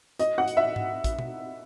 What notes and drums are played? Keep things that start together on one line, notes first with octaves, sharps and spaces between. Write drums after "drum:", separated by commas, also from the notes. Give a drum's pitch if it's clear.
D#5, drum: hi-hat
F#5
drum: hi-hat
E5
drum: tom G#2
drum: kick, hi-hat
drum: tom B2